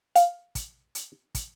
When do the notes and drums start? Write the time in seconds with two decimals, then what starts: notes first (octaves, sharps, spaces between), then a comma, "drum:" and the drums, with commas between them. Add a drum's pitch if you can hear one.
0.15 F5, drum: hi-hat
0.55 drum: kick, hi-hat
0.95 drum: hi-hat
1.35 drum: kick, hi-hat